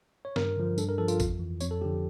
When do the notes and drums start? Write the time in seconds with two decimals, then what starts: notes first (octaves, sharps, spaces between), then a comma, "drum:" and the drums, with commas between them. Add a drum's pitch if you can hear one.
0.25 C#5
0.36 G2 A#4, drum: snare
0.57 D3 F3
0.78 G2 A4, drum: tambourine
0.89 A#4
0.98 F3 A4
1.08 F4, drum: tambourine
1.20 F2, drum: kick G#1, tambourine
1.39 E3
1.60 F2 C#5, drum: tambourine
1.71 A4
1.81 D3 F3 G4